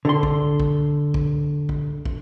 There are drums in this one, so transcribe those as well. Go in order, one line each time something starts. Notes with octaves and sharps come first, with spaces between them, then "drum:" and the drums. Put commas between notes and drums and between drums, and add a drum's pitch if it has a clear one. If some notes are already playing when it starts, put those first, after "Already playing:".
D3 A4 C6
drum: kick
drum: kick
drum: kick
drum: kick
drum: kick